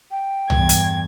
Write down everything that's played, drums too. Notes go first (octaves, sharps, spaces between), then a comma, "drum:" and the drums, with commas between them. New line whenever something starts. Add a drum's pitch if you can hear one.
G5
E2 G2 G#6, drum: tom
drum: hi-hat